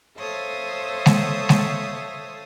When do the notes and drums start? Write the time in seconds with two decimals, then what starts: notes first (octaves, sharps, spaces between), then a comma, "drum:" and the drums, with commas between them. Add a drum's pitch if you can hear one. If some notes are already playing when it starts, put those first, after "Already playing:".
0.18 A4 C5 C#5 E5 F5 D#6
1.06 drum: snare G#3
1.49 drum: snare G#3